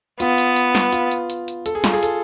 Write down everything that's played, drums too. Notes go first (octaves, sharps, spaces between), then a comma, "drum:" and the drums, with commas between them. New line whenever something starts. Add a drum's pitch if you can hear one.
B3 F4, drum: hi-hat
drum: hi-hat
drum: hi-hat
drum: snare
F4, drum: hi-hat
drum: hi-hat
drum: hi-hat
drum: hi-hat
A4, drum: hi-hat
G#4
F4, drum: snare
G#4
A4, drum: hi-hat